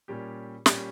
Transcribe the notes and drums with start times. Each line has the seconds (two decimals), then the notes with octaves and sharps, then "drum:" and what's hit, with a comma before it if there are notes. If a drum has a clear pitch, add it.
0.08 A#2 G3 C#4 G4
0.66 A#2 G3 C#4 G4, drum: snare